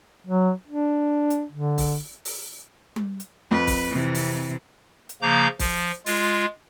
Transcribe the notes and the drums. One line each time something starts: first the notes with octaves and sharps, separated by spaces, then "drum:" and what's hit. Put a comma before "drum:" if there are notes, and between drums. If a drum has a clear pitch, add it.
F#3
D4
drum: hi-hat
D3
drum: kick, open hi-hat
drum: open hi-hat
drum: tom G3
drum: hi-hat
F2 B4
drum: kick, open hi-hat
C3 E3
drum: open hi-hat
drum: hi-hat
C#3 F3 A#3 A#5 D6 G6
F3, drum: kick, open hi-hat
G#3 F4, drum: open hi-hat